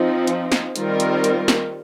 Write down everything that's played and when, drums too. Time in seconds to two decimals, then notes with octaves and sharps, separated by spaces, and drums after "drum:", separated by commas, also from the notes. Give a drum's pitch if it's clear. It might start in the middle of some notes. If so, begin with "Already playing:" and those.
Already playing: F3 C4 D#4
0.27 drum: hi-hat
0.52 drum: snare
0.76 D#3 G3 C4 F4 A#4, drum: hi-hat
1.00 drum: hi-hat
1.24 drum: hi-hat
1.48 drum: snare